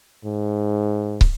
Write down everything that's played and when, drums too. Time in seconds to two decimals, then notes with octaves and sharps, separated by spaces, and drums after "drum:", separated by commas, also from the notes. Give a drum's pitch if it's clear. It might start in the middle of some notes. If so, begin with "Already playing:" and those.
0.25 G#2
1.21 drum: kick